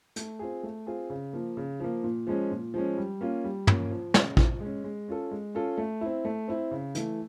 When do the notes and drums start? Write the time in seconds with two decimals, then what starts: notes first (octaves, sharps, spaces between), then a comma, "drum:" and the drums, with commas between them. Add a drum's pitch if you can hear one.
0.16 A3, drum: hi-hat
0.39 C4 F4 G#4
0.63 A3
0.87 C4 F4 G#4
1.10 C#3
1.33 F3 A#3
1.57 C#3
1.80 F3 A#3
2.04 A#2
2.27 F3 G#3 C#4
2.51 A#2
2.74 F3 G#3 C#4
2.98 G3
3.21 A#3 C#4 F4
3.44 G3
3.67 A#3 C#4 F4, drum: tom
3.91 F3
4.14 G#3 C#4, drum: snare
4.37 F3, drum: kick
4.60 G#3 C#4
4.84 G#3
5.08 C#4 F4 A4
5.31 G#3
5.55 C#4 F4 A4
5.78 A3
6.01 C4 E4
6.25 A3
6.48 C4 E4
6.71 C#3
6.95 E3 A3, drum: hi-hat